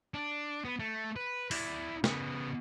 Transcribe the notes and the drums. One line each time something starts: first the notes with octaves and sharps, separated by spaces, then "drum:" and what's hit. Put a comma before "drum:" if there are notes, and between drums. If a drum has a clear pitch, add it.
D4
B3
A3
B4
E4 D5, drum: open hi-hat
C#3 B3, drum: snare